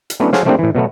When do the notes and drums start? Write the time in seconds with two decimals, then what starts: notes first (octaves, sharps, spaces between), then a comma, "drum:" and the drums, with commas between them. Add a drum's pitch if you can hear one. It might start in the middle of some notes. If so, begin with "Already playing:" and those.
0.10 drum: hi-hat
0.20 F#3 A3 B3 C#4 D4 E4
0.33 F#4 G#4 A4 C5 C#5 F5, drum: snare
0.45 F3 A3 A#3 C4 D4 G4
0.59 A2 E3
0.75 B2 F#3 A3 B3